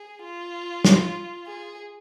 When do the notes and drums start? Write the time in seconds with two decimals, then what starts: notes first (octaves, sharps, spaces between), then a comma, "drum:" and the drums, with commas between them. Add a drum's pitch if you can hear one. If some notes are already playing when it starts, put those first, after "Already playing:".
Already playing: G#4
0.24 F4
0.84 drum: snare
1.47 G#4